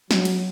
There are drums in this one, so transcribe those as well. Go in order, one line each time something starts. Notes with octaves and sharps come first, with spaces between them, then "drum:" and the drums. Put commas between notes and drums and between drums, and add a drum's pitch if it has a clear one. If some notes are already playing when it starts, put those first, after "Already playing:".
F#3, drum: snare
drum: cymbal